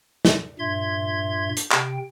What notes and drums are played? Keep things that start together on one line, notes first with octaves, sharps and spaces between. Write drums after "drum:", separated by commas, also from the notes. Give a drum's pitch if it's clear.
drum: snare
G2 A#2 E5 C6 G#6
drum: hi-hat
C3 G5, drum: clap